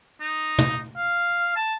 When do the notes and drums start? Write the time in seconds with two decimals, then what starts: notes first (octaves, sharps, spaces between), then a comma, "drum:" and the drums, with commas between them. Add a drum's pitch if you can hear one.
0.20 D#4
0.59 drum: tom
0.97 F5
1.56 A5